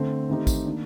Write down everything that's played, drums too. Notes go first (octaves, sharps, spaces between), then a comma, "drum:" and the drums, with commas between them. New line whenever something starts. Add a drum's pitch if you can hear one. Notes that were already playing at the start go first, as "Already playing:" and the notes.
Already playing: D3 A3 C4
D#3 A3 C4 D#4 G4
drum: kick A1, tambourine
D#3 A#3 D4